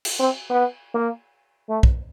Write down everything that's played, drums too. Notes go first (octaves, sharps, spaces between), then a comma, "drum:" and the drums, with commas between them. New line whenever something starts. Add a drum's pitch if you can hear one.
drum: cymbal
C4
B3
A#3
A3
drum: kick